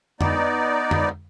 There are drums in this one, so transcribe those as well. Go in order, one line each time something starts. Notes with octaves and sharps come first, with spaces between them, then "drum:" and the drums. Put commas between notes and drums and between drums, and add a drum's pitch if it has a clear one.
B3 D#4 D5, drum: tom F2
drum: tom F2